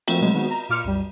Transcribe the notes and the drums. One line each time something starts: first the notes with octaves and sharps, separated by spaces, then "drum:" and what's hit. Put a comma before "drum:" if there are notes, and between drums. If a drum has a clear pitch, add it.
F3 A3 A#3 C4 F#4, drum: cymbal
B2 F#3 G#3 A3 B3 C4
D#3 G#3 B3 C4 F#4
A#5
A#2 F4 D6 F6 C#7
C2 F#2 G3